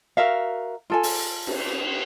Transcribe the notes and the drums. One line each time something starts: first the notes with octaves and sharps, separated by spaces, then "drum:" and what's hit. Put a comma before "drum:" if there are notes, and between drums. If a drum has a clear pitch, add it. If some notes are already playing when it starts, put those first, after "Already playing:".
F#4 A#4 E5 F5
F4 A4 G#5
drum: open hi-hat
drum: cymbal